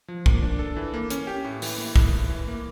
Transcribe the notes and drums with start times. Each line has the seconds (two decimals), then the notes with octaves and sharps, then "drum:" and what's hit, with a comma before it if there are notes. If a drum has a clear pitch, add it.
0.08 F3
0.26 A#3, drum: kick
0.42 D4
0.59 A4
0.76 E3
0.94 A#3
1.10 C#4, drum: hi-hat
1.27 G4
1.44 A2
1.62 E3, drum: open hi-hat
1.78 A#3
1.96 A2, drum: kick
2.13 A2
2.29 E3
2.47 A#3